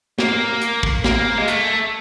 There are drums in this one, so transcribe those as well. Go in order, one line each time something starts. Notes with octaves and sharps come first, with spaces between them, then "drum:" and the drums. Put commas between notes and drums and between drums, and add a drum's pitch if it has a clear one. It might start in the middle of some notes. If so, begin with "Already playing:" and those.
A#3, drum: snare
drum: hi-hat
drum: kick
A#3, drum: snare
G#3
A3, drum: hi-hat